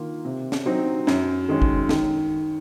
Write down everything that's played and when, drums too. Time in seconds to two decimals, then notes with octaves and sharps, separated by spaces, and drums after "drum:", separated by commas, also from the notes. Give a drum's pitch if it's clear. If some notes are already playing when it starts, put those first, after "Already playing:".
Already playing: D#3 A#3 F4
0.25 C3
0.52 drum: snare
0.66 F#3 C4 D#4
1.07 F#2, drum: snare
1.48 D#3 G#3 C#4
1.62 drum: kick
1.89 D#3, drum: snare